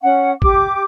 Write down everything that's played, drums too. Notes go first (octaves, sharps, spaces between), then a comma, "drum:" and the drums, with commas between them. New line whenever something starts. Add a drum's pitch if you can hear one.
C#4 F#5
G4 D6, drum: kick